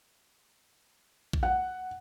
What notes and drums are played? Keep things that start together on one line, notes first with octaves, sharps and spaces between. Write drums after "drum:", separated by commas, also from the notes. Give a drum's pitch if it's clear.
drum: kick A#1
F#5